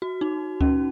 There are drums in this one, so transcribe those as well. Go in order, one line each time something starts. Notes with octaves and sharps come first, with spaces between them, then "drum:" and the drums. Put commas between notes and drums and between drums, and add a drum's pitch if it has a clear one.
F#4
D#4
C#4, drum: kick D2